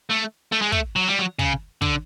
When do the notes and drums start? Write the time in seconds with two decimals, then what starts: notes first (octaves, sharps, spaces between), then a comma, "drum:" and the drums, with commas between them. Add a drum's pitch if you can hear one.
0.10 A3
0.52 A3
0.61 G#3
0.72 A3, drum: kick
0.96 F#3
1.08 G3
1.19 F#3
1.39 C#3, drum: kick
1.82 D3, drum: kick